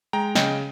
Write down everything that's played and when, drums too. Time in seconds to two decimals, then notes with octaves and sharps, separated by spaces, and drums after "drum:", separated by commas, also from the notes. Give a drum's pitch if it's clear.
0.13 G#3 G5 A#5
0.35 C#3 D#5 G5, drum: snare